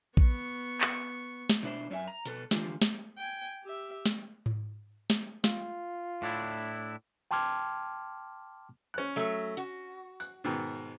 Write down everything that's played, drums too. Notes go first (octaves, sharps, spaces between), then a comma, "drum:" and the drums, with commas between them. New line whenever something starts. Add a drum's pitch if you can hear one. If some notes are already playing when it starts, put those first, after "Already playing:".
B3 C#6, drum: kick A#1
drum: clap
drum: snare
B2 D4 E4 C5
F#2 C#4 D4 E5 G#5
A#5
B2 A4 B4, drum: hi-hat
D3 E3 F3 F4 G4, drum: snare
drum: snare
G5 G#5
G4 E5
drum: snare
drum: tom G#2
drum: snare
F4, drum: snare
A2 D4 E4
G5 A5 C6 D6 F6 G#6
C#4 F#6
F#3 A3
F#4, drum: hi-hat
F#6, drum: tambourine
G#2 B2 D#3